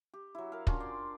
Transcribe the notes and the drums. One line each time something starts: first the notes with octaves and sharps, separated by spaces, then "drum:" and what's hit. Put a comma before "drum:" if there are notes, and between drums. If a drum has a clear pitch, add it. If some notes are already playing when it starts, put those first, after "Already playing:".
G4
F#3 E4
A#4 F5
C#4 D4 F4 F#4, drum: kick
D5 G5 C6